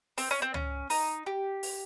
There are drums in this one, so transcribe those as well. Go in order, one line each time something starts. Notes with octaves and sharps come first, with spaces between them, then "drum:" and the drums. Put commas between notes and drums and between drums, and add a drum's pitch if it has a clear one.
C4, drum: open hi-hat
C#4
C4
C#4, drum: tom
D#4, drum: open hi-hat
G4
drum: open hi-hat